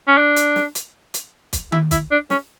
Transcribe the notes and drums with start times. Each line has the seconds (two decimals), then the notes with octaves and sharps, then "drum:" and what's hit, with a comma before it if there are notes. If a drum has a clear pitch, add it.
0.07 C#4
0.17 D4
0.36 drum: hi-hat
0.56 drum: snare
0.75 drum: hi-hat
1.14 drum: hi-hat
1.53 drum: kick, hi-hat
1.72 E4, drum: tom D#3
1.91 E4, drum: kick, hi-hat
2.11 D4
2.30 C#4, drum: snare